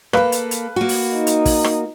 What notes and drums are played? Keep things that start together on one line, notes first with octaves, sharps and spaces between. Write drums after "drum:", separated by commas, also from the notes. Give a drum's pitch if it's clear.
A#3 A4 B4 F5, drum: rim click
drum: hi-hat
drum: hi-hat
A#3 F#4
drum: open hi-hat
D#4
drum: hi-hat
drum: kick, open hi-hat
drum: rim click